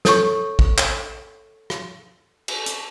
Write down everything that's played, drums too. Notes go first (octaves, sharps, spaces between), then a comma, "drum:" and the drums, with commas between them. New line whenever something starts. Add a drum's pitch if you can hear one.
A4 C#5 C#6, drum: snare
drum: kick A1
drum: clap
drum: rim click
drum: cymbal
drum: hi-hat